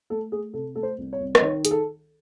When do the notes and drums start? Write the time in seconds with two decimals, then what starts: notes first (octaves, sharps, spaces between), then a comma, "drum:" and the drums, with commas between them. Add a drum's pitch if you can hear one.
0.10 A3 A4
0.32 A3 G#4
0.54 C3 A4
0.75 A3 A4
0.83 C5
0.98 C2
1.13 C#5
1.20 C2
1.35 D#5, drum: rim click
1.42 D#3 C#5
1.65 G#4, drum: hi-hat
1.71 A4